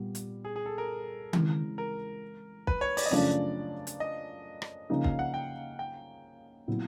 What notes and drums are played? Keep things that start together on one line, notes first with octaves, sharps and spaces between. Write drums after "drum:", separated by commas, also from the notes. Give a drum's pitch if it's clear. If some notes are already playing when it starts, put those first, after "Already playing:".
Already playing: A#2 G3 B3
drum: hi-hat
G#4
G#4
A4
A#4
C#3 E3 G#3 C4, drum: tom D#3
A#4
B4, drum: kick
C#5
D5, drum: open hi-hat
D#5
F#2 C#3 F3 A3 D4 D5
drum: hi-hat
D#5
drum: rim click
C#3 F3 A#3 D#4
F5, drum: kick
F#5
G5
G5
A#2 F#3 B3 E4